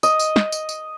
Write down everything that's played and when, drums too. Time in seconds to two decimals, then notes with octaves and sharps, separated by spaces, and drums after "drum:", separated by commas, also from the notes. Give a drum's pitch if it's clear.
0.03 D#5, drum: tambourine
0.20 drum: tambourine
0.36 drum: snare
0.52 drum: tambourine
0.69 drum: tambourine